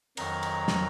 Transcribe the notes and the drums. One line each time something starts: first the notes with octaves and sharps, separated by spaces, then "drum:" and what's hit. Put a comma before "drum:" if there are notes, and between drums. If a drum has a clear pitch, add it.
F2 D#3 F#3 A#5, drum: cymbal
drum: cymbal
drum: snare